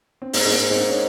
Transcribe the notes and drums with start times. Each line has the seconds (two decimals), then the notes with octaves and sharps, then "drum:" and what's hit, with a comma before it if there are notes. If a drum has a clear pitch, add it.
0.22 C4
0.33 G#2 A#3, drum: open hi-hat
0.45 G#2 C4
0.51 A#3
0.58 G#2
0.70 G#2 C4
0.79 D#4
0.88 C#4